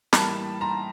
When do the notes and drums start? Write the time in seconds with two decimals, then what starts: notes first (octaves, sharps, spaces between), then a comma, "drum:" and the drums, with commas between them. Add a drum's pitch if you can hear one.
0.13 A2 E3 G3 A#3 A5 B5, drum: snare
0.61 A#5 C6